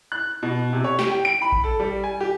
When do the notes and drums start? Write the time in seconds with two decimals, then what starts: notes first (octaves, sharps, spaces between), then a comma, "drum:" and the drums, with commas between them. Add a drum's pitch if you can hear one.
0.12 F#6
0.43 B2
0.73 C3
0.84 C#5
0.99 G4, drum: snare
1.11 G5
1.25 D7
1.42 B5
1.52 drum: kick A1
1.64 A4
1.80 G3
2.04 G#5
2.21 G4